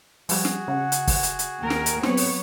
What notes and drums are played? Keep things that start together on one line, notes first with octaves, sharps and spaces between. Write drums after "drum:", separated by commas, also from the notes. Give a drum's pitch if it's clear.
F3 G3 F#4 G#4, drum: open hi-hat
drum: snare
C#3 F#5
drum: hi-hat
drum: kick, open hi-hat
drum: hi-hat
drum: hi-hat
D#2 A#4 G5
drum: snare
drum: hi-hat
F#3 B3 C4 C#5, drum: snare
drum: open hi-hat